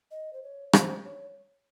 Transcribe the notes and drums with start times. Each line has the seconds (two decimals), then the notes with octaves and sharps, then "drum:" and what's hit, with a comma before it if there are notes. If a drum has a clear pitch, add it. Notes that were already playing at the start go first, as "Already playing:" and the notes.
0.11 D#5
0.33 C5
0.43 C#5
0.73 C5, drum: rim click
1.05 C#5